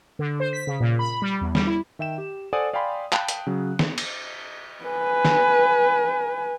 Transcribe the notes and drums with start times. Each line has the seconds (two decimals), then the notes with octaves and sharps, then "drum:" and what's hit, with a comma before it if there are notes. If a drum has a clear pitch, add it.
0.19 D3
0.40 C5
0.53 B6
0.67 C#3
0.80 A#2
0.99 B5
1.22 G3
1.41 E2
1.55 G3, drum: snare
1.67 E4
1.99 D#3 E5 G5 E7
2.18 G4
2.53 A4 C5 D5 F#5 G#5 D#6
2.73 D5 F5 G5 G#5 B5 C6
3.12 F5 G5 A5 B5 F#6, drum: clap
3.28 drum: hi-hat
3.47 C#3 F#3
3.79 drum: snare
3.98 drum: cymbal
4.84 B4 G#5
5.25 drum: snare